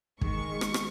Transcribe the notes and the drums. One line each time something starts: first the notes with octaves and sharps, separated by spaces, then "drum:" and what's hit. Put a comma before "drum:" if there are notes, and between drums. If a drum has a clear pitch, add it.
D#3 G#3 C#6, drum: kick
drum: rim click
drum: rim click